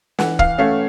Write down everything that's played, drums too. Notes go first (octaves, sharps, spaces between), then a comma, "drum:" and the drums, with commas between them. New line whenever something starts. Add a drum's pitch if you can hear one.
E3 F#5, drum: snare
F5, drum: kick
A3 C#4 F5